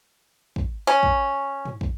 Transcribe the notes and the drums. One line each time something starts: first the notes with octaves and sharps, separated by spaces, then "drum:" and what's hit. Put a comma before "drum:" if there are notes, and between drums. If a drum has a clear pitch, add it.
drum: kick
C#4
drum: kick
drum: tom
drum: kick